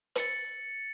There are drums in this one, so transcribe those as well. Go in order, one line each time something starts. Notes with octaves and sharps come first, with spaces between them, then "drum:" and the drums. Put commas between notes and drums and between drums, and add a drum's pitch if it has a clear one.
A6 C#7 F#7, drum: hi-hat